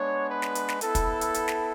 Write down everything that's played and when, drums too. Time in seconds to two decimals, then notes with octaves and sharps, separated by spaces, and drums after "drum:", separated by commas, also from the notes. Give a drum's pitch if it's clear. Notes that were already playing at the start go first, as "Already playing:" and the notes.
Already playing: G#3 B3 D4 C#5
0.29 B4
0.42 drum: snare
0.55 drum: hi-hat
0.68 drum: snare
0.81 B3 E4 A4, drum: hi-hat
0.95 drum: kick, hi-hat
1.21 drum: hi-hat
1.34 drum: hi-hat
1.48 drum: snare